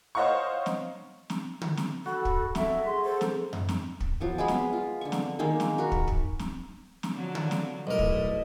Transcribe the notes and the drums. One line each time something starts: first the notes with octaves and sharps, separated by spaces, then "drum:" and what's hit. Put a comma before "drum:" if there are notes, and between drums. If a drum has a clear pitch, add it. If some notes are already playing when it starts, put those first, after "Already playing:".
C5 C#5 D#5 F5 F#5 C#6
drum: snare
drum: snare
drum: tom D3
drum: snare
F#4 A4 B5
drum: kick
A4 E5, drum: snare
G#4 C6
A4 C5
drum: snare
drum: tom F#2
drum: snare
drum: kick
F3 F#3 B3
G#3 B3 G#4 B5
drum: snare
F4
D3 C#6
drum: snare
D#3 G#3 A#3 D#4
drum: snare
F#4 A#4 B5
drum: kick
drum: kick
drum: snare
drum: snare
D3 F3 F#3
drum: tom D3
drum: snare
B1 G3 A3 E4 A#4 D#5
drum: kick